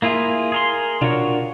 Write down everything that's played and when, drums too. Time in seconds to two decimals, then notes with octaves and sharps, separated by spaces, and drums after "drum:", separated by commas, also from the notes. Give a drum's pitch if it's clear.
0.02 A#3 E4 F4 G#4
0.52 G#4 A#4 C6
1.02 D4 F4 F#4 A#4 C#5, drum: tom A#2